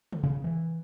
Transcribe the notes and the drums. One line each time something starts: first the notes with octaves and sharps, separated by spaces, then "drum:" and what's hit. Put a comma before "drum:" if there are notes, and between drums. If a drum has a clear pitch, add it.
drum: tom
C#3
E3